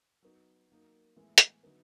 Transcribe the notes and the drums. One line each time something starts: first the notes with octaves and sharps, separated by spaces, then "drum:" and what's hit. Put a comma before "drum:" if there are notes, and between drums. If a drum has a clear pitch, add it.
F#3 B3 D#4
F#3 A#3 D#4
A2 E3 G#3 B3 E4
drum: hi-hat
D3 F#3 B3 D#4